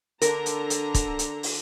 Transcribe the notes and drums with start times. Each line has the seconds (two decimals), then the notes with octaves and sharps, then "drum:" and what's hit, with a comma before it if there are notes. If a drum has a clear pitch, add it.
0.22 D3 A#4 A#5, drum: hi-hat
0.46 drum: hi-hat
0.70 drum: hi-hat
0.94 drum: kick, hi-hat
1.19 drum: hi-hat
1.43 drum: open hi-hat